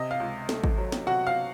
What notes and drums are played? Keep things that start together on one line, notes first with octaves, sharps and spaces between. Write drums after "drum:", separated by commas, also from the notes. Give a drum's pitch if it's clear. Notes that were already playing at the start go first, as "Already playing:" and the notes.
Already playing: C3 D#5
F5
C#2
A3, drum: snare
drum: kick G#1
F#3
drum: snare
C3 F#4 F#5
F5